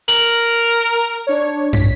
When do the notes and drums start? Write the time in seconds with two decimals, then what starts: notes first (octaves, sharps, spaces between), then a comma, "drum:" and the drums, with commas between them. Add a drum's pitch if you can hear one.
0.08 A#4 F#7, drum: hi-hat
1.27 D4 C#5
1.73 B6, drum: tom